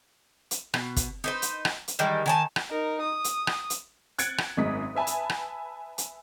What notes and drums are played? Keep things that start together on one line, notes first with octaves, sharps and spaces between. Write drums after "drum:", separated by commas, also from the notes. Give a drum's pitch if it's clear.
drum: hi-hat
B2, drum: rim click
drum: kick, hi-hat
D#4 B4 C5
drum: hi-hat
drum: rim click
drum: hi-hat
D#3 E3 G3 G#3
D#3 G#5 A5
drum: rim click
D#4 A#4
D#6
drum: hi-hat
drum: rim click
drum: hi-hat
F#6 G#6 A6 C#7 D7, drum: hi-hat
drum: rim click
G#1 F#2 G#3 D#6 B6
B4 E5 G#5 A5 B5
drum: hi-hat
drum: rim click
drum: hi-hat